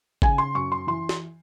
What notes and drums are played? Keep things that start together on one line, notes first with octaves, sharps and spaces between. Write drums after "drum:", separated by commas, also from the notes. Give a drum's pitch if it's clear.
C#3 G#5, drum: kick G#1
C6
F#2 C#6
C6
E3 C6
drum: snare